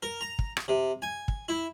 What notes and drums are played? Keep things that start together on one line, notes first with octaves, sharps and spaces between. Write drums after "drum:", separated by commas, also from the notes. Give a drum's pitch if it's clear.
A#4
A#5
drum: kick
drum: rim click
C3
G#5
drum: kick
E4